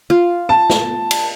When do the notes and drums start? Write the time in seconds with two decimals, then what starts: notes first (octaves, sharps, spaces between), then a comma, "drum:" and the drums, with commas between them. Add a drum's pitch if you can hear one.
0.10 F4
0.49 A5
0.70 drum: snare
1.11 drum: cymbal